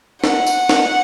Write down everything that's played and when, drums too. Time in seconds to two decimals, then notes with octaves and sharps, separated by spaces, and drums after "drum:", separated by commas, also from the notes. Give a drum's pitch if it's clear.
0.24 F#5, drum: snare
0.46 drum: tambourine
0.69 drum: snare